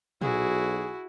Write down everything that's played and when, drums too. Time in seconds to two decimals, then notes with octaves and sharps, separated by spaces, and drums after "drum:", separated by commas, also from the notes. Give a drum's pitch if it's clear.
0.22 B1 E4 F#4 G#4, drum: tom A#2